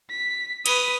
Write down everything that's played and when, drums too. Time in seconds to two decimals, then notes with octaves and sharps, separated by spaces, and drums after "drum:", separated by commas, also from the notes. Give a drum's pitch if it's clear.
0.10 B6
0.66 B4 D#6, drum: cymbal